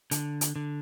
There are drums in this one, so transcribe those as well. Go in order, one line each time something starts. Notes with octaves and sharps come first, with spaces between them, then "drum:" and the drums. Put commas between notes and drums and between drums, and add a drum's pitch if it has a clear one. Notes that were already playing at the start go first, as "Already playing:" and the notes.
D3, drum: hi-hat
drum: hi-hat
D3